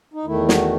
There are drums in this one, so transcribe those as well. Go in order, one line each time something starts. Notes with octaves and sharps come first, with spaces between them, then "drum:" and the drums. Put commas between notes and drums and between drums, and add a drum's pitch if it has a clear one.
D#4
E2 D#3 A3 E4
F#4, drum: snare